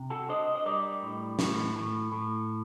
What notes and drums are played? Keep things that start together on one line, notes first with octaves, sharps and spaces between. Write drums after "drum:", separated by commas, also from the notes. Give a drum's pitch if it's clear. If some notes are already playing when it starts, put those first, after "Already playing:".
Already playing: C3
F#4 A4
D4 C5 D#5
D#5
G3 A#4 D5
A2
A2, drum: snare
A2
A2